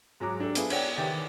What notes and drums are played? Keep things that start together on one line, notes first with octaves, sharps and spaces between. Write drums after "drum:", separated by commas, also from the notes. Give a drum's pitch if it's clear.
G#2 F#3 A#5 D6
D4 G4 A4 D5
B3 E4 F4 G#4 A4, drum: hi-hat
C#5 D5 F#5 G5, drum: cymbal
D#3 E3 G4 G5 D6 A6